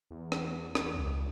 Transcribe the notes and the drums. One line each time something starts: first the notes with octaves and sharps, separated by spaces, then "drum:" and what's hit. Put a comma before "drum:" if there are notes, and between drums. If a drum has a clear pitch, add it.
E2
drum: rim click
drum: rim click
C#2